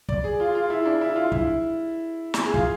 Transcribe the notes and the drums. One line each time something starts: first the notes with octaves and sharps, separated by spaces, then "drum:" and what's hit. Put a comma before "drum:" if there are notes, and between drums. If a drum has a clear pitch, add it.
D5, drum: kick
G#4
F4
F4
E4
D4
E4
F4
E4, drum: kick
drum: snare
G#4
F4, drum: kick